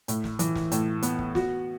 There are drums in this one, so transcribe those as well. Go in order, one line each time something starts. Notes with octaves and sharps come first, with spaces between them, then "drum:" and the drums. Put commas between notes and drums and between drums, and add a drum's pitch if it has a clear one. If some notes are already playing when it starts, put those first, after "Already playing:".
A2, drum: hi-hat
drum: snare
E3, drum: hi-hat
drum: snare
A2, drum: hi-hat
B3, drum: hi-hat
drum: kick
F#4, drum: snare